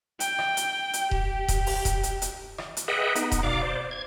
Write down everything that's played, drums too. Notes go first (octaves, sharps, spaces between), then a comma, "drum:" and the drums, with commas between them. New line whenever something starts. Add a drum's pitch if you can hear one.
G5, drum: hi-hat
drum: rim click
drum: hi-hat
drum: hi-hat
G4, drum: kick D#1
drum: kick D#1, hi-hat
drum: open hi-hat
drum: kick D#1, hi-hat
drum: hi-hat
drum: hi-hat
drum: rim click
drum: hi-hat
G#4 B4 D#5 E5 F#5 G5
B3 D#4, drum: hi-hat
drum: kick D#1, hi-hat
B2 D5 F5 D6
C5 D5
G#6